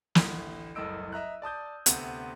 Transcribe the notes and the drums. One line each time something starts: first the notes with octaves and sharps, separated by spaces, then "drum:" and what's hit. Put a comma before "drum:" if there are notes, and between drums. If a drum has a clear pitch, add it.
A1 D2, drum: snare
F#1 C2 A2 D#5 E6 D7
D#5 E5 A#5 F#6
D5 A5 D#6 G6
D2 C3 B3 C4, drum: hi-hat